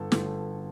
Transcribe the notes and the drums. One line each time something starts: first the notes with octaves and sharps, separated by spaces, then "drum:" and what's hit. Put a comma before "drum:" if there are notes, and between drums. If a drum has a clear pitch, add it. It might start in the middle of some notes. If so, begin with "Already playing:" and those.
Already playing: G1 A4
G1, drum: snare